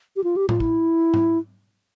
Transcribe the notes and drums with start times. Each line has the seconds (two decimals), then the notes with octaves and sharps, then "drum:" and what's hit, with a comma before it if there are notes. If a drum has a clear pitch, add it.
0.16 G4
0.24 F4
0.36 G4
0.49 F4, drum: tom A2
0.60 E4, drum: kick
1.14 drum: tom